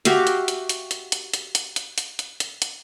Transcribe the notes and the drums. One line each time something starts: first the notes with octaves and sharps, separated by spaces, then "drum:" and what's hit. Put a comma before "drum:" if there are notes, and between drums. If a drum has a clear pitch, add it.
F#4 G4 E5 F5, drum: hi-hat
drum: hi-hat
drum: hi-hat
drum: hi-hat
drum: hi-hat
drum: hi-hat
drum: hi-hat
drum: hi-hat
drum: hi-hat
drum: hi-hat
drum: hi-hat
drum: hi-hat
drum: hi-hat